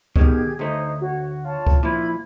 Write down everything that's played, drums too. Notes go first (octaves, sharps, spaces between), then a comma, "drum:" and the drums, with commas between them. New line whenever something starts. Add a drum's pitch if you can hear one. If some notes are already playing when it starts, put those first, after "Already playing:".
B2 D#3 G4 G#4 G#6, drum: kick C#2
D2 A3 D#4 C5 C#5
F#4 C#5
F4 C#5 A5
drum: kick C#2
A#2 F3 E4 B5 G#6